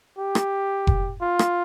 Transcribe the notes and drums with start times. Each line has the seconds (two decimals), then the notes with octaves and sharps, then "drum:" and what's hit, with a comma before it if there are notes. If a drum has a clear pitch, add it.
0.18 G4
0.35 drum: rim click
0.87 drum: kick F1
1.21 F4
1.39 drum: rim click